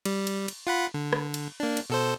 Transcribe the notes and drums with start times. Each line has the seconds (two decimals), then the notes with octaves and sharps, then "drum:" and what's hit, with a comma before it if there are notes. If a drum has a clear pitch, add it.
0.05 G3, drum: cymbal
0.27 drum: cymbal
0.48 drum: cymbal
0.67 F4 F#5 B5
0.94 D3
1.13 drum: rim click
1.34 drum: cymbal
1.60 A#3 D4
1.77 drum: cymbal
1.90 B2 A4 C5